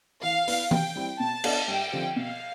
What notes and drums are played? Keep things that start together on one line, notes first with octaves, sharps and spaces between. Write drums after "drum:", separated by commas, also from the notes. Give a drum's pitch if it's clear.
E3 F5
B3 E4 B4 D5, drum: open hi-hat
C3 G5, drum: tom E3
G3 C4 E4
B2 A5
B3 D4 A4 D5, drum: cymbal
G2 G5
D3 F3 C4 G4
B2 F5